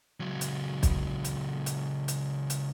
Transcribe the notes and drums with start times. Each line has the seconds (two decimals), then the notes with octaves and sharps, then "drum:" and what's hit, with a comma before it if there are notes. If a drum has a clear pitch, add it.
0.20 C#2 F#3
0.41 drum: hi-hat
0.83 drum: kick B1, hi-hat
1.24 drum: hi-hat
1.66 drum: hi-hat
2.08 drum: hi-hat
2.50 drum: hi-hat